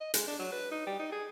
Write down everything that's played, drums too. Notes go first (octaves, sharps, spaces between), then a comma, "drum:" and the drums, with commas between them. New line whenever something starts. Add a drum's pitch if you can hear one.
D#5
G#3, drum: hi-hat
D4
F#3
B4
D#4
G3
D#4
G#4